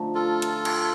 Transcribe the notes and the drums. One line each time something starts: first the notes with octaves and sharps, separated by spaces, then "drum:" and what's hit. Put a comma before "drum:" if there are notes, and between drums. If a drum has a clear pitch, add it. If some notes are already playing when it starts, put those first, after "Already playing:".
Already playing: D3 F3 A3 D#4
F4 A4
drum: hi-hat
drum: cymbal